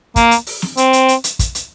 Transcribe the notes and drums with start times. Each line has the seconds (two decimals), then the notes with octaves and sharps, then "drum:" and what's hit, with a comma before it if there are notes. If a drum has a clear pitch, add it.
0.16 A#3, drum: kick, hi-hat
0.31 drum: hi-hat
0.47 drum: open hi-hat
0.62 drum: snare
0.77 C4, drum: hi-hat
0.93 drum: hi-hat
1.08 drum: hi-hat
1.24 drum: hi-hat
1.39 drum: kick, hi-hat
1.55 drum: hi-hat